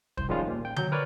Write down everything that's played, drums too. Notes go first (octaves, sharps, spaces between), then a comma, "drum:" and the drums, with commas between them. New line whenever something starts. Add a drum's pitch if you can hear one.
C2 C5, drum: kick D1
D#3 F3 G3 G#3 C#4 F4
A#2
G5
F#3 G6, drum: tom D3
A#4 B4 C#5 D5